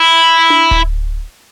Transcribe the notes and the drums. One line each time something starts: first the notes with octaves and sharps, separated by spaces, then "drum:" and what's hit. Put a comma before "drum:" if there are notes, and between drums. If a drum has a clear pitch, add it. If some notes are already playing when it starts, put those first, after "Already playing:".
Already playing: E4
drum: tom D4
drum: kick D1